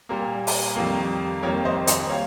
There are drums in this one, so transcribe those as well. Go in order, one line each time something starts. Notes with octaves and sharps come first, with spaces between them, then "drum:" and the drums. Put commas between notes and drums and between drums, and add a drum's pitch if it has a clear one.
A#2 G3 A#3
drum: open hi-hat
F2 D#3 G3 A#3
F2 D#3 G3 A#3 A#4 C#5
C5 D#5
C5 D#5, drum: hi-hat
G3 A#3 C#5 F5